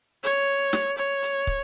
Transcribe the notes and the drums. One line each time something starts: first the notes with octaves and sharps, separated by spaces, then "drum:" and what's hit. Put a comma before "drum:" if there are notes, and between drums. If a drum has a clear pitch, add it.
C#5, drum: hi-hat
drum: snare
C#5
drum: hi-hat
drum: kick